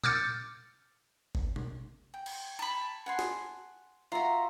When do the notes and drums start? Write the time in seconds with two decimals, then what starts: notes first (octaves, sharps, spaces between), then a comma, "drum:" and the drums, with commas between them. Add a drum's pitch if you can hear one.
0.04 D6 E6 F6 G6 A6 C#7, drum: tom A#2
1.35 drum: kick G1
1.56 drum: tom B2
2.14 G5
2.26 drum: cymbal
2.59 A5 B5
3.06 F#5 G#5 C6
3.19 drum: snare
4.12 F4 F#4 E5 A#5 C6